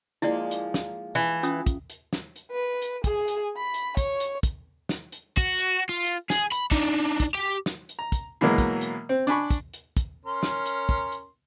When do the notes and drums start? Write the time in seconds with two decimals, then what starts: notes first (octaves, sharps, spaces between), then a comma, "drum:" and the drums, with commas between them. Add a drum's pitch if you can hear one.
0.22 F3 G#3 A#3 E4 D5
0.51 drum: hi-hat
0.74 drum: snare
1.15 E3
1.43 C#4 F4 D#6, drum: hi-hat
1.67 drum: kick, hi-hat
1.90 drum: hi-hat
2.13 drum: snare
2.36 drum: hi-hat
2.51 B4
2.82 drum: hi-hat
3.04 G#4, drum: kick, hi-hat
3.28 drum: hi-hat
3.56 B5
3.74 drum: hi-hat
3.97 C#5, drum: kick, hi-hat
4.20 drum: hi-hat
4.43 drum: kick, hi-hat
4.89 drum: snare
5.12 drum: hi-hat
5.37 F#4, drum: kick, hi-hat
5.58 drum: hi-hat
5.89 F4
6.05 drum: hi-hat
6.30 G#4, drum: snare
6.52 B5, drum: hi-hat
6.71 D4 D#4, drum: kick, hi-hat
7.20 drum: kick, hi-hat
7.34 G4
7.66 drum: snare
7.89 drum: hi-hat
7.99 A#5
8.12 drum: kick, hi-hat
8.41 B2 E3 F#3 G#3 A#3
8.58 drum: kick, hi-hat
8.81 drum: hi-hat
9.09 C4
9.27 D4 G#5 B5 C#6
9.50 drum: kick, hi-hat
9.74 drum: hi-hat
9.97 drum: kick, hi-hat
10.26 C#4 A#4 C6
10.43 drum: snare
10.66 drum: hi-hat
10.89 drum: kick
11.12 drum: hi-hat